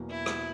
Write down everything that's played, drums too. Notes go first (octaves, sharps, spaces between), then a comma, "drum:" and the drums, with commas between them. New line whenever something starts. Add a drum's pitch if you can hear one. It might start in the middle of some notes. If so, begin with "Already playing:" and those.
Already playing: E2 B2 F#3 A#3
E4
drum: rim click